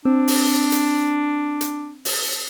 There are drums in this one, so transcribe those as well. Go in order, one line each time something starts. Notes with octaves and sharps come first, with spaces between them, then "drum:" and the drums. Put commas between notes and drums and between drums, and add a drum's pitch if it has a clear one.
C4 D4
drum: open hi-hat
drum: hi-hat
drum: hi-hat
drum: open hi-hat